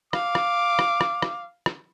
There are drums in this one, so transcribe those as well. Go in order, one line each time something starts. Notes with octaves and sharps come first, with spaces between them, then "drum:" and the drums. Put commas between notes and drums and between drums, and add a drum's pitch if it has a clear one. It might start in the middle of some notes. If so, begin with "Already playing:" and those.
F5 D6, drum: rim click
drum: rim click
drum: rim click
drum: rim click
drum: rim click
drum: rim click